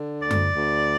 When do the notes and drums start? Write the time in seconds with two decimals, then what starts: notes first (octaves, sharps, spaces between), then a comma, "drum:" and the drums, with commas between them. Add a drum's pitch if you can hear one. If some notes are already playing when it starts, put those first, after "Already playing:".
Already playing: D3
0.21 D2 D5
0.31 drum: tom F#2
0.54 D2